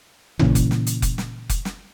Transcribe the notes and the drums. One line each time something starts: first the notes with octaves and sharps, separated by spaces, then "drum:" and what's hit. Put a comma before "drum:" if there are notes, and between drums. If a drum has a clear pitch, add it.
A#2 C#3 E3, drum: tom
drum: kick F1, hi-hat
drum: snare
drum: hi-hat
drum: kick F1, hi-hat
drum: snare
drum: kick F1, hi-hat
drum: snare